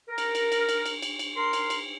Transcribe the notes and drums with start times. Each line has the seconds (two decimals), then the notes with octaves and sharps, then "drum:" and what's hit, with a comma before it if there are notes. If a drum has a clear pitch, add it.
0.09 A#4
0.18 drum: cymbal
0.35 drum: cymbal
0.52 drum: cymbal
0.69 drum: cymbal
0.86 drum: cymbal
1.02 drum: cymbal
1.19 drum: cymbal
1.36 A#4 A#5 C6
1.53 drum: cymbal
1.70 drum: cymbal